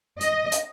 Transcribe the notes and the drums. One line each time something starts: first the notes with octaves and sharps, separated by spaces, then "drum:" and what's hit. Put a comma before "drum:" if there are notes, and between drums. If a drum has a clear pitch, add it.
D#5, drum: hi-hat
drum: hi-hat